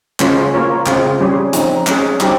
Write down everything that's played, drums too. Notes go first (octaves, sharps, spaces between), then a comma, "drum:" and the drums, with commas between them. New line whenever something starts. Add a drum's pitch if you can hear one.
C#3 G#3 C#4 F4 C5, drum: clap
A#3 F4 A#4 C#5
C#3 G#3 C4 F4, drum: clap
G3 C#4 G#4
F3 C4 D#4, drum: hi-hat
G#3 C#4 G#4, drum: clap
G3 C4 D#4 G4, drum: clap